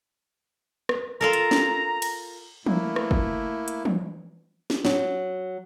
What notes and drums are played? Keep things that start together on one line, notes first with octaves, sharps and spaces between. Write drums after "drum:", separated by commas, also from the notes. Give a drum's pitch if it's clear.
drum: rim click
F4 A4 A#4 A#5
drum: hi-hat
drum: snare
drum: cymbal
A3 A#3 E4, drum: tom E3
drum: rim click
drum: kick
drum: hi-hat
drum: tom E3
drum: snare
F#3, drum: snare